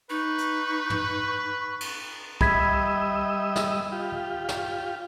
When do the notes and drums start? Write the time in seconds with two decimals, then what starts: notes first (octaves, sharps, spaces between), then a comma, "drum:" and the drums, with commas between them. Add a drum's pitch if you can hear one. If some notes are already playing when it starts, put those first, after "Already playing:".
0.10 D#4 B4 C#6
0.38 drum: hi-hat
0.90 drum: tom
1.81 drum: cymbal
2.41 G3 D#5 E5 B5 G#6 B6, drum: kick
3.56 drum: snare
3.92 F4 G4
4.49 drum: snare